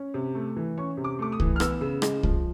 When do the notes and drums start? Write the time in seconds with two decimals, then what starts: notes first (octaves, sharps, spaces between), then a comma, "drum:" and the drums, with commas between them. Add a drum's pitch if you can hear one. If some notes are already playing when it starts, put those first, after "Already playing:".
Already playing: C#4
0.14 C3
0.35 A3
0.56 E3
0.78 C#4 C#6
0.97 C3
1.04 D6
1.19 A3 D6
1.32 D#6
1.40 E3, drum: kick C2
1.56 F6
1.60 B3 E6, drum: rim click
1.81 C#3
2.02 G#3, drum: rim click
2.23 F3, drum: kick C2